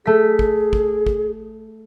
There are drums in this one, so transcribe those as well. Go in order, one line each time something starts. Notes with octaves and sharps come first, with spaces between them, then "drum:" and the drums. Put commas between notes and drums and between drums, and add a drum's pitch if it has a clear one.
A3 G#4 B6
drum: kick
drum: kick
drum: kick